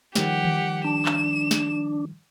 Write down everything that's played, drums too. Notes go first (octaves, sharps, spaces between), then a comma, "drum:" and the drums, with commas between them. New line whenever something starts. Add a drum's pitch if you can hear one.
D#3 F3 G3 G4 F#5, drum: snare
drum: tom D#3
D4 E7
drum: clap
drum: snare